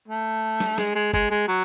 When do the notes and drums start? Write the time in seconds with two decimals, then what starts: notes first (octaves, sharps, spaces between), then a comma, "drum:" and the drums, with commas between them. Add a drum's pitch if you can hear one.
0.08 A3
0.60 drum: snare
0.78 G#3, drum: snare
0.95 G#3
1.13 G#3, drum: kick
1.30 G#3
1.48 F#3